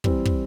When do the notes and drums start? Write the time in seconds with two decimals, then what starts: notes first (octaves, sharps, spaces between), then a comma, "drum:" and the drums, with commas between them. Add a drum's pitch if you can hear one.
0.04 E3 G3 C4, drum: kick
0.25 drum: kick